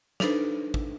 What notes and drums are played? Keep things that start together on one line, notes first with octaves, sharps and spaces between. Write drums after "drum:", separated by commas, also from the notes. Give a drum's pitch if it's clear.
D4 D#4 A4 B4 C5, drum: snare
drum: kick